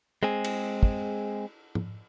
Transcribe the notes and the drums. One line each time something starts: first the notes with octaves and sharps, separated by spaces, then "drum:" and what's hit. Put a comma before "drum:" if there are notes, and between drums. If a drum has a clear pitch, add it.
G#3 C4 G#4
drum: cymbal
drum: kick
drum: tom G#2